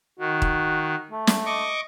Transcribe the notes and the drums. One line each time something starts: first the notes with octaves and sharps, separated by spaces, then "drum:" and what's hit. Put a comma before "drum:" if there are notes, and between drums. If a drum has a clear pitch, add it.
D#3 F#4
drum: kick D#1
A3
drum: snare
D#5 C#6 D6